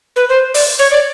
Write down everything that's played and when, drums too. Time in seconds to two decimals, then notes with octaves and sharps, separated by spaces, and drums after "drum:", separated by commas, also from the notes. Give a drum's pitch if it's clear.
0.16 B4
0.29 C5
0.54 D5, drum: open hi-hat
0.79 C#5
0.91 D5